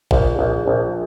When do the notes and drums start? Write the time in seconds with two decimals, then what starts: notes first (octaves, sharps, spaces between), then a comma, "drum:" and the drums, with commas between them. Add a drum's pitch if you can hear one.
0.11 A#1, drum: kick
0.39 A#1
0.68 A#1